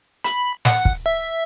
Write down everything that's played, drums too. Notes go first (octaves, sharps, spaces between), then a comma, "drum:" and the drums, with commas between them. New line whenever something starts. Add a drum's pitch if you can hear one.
B5, drum: hi-hat
F#5, drum: snare
drum: kick
E5